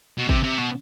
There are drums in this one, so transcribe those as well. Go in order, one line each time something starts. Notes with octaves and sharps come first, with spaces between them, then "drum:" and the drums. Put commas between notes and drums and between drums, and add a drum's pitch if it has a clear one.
B2
C3, drum: kick
C3
B2